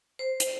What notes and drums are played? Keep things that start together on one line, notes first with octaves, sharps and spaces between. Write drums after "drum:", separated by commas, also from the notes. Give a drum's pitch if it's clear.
C5
drum: hi-hat